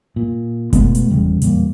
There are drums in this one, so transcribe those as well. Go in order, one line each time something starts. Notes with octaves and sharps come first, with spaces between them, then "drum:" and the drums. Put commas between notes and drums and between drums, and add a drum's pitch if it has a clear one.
A#2
B2 G#3 A3 B3, drum: kick F#1, hi-hat
drum: hi-hat
E2 C#3 G3
E2 A#2 G3 A#3, drum: hi-hat